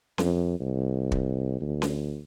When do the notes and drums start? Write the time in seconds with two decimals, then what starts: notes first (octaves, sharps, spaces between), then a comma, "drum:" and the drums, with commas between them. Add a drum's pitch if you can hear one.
0.18 F2, drum: snare C#4
0.60 C2
1.12 drum: kick
1.61 D2
1.82 drum: snare C#4